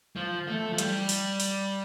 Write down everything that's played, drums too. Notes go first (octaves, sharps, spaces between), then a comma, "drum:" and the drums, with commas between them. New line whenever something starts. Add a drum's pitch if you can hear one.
F3
A3
F3
G3, drum: hi-hat
drum: open hi-hat
drum: open hi-hat